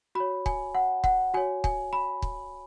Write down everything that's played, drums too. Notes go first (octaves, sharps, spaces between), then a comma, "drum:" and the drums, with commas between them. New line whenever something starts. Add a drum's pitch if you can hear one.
F#4 B5
C#5
G#5, drum: kick
F#5
F#5, drum: kick
F#4 C#5 G#5
G#5, drum: kick
B5
drum: kick